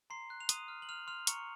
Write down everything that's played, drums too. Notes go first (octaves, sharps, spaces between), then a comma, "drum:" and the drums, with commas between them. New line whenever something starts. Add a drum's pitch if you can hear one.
A#5 C6 C7
F#6
F7
C6 D#6 D#7, drum: hi-hat
F6
F#7
F6 F7
C6 F6 F7
A#5 C#6 C#7, drum: hi-hat